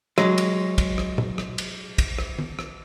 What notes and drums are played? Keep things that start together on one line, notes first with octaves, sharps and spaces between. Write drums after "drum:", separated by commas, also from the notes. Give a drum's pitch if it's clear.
F#3 G#3, drum: rim click
drum: cymbal
drum: kick, cymbal
drum: rim click
drum: tom A#2
drum: rim click
drum: cymbal
drum: kick, cymbal
drum: rim click
drum: tom D#3
drum: rim click